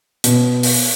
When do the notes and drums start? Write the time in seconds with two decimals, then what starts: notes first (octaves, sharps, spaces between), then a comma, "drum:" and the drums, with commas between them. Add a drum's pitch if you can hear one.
0.24 B2, drum: hi-hat
0.63 drum: open hi-hat